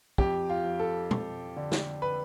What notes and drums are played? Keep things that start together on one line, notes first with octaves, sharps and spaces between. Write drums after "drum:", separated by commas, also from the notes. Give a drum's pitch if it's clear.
F2 G4, drum: kick
F4
F3
A4
F2, drum: tom
D3
drum: snare
B4